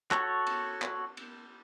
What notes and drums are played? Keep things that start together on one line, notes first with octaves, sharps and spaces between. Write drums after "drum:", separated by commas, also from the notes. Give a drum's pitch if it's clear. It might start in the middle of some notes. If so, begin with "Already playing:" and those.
F#4 A4 C#5, drum: clap
drum: cymbal
drum: clap
drum: cymbal